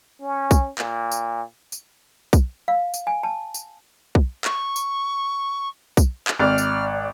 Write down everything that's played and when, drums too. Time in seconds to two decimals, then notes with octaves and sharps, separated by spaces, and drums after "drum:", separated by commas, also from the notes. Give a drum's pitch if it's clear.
0.20 C#4
0.51 drum: kick B1, tambourine
0.78 A#2, drum: clap
1.11 drum: tambourine
1.72 drum: tambourine
2.33 drum: kick B1, tambourine
2.68 F5
2.94 drum: tambourine
3.07 G#5
3.23 A5
3.54 drum: tambourine
4.15 drum: kick B1
4.45 C#6, drum: clap
4.76 drum: tambourine
5.97 drum: kick B1, tambourine
6.28 drum: clap
6.39 G#1 D5 F6
6.58 drum: tambourine